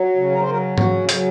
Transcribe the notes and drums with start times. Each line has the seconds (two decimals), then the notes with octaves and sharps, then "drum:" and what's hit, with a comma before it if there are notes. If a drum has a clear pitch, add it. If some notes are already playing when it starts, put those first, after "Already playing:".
Already playing: F#3
0.16 C#3
0.31 A#4
0.41 C5
0.47 F#3 A#4
0.78 C#3 F#4, drum: tom G#2
1.09 F#3, drum: hi-hat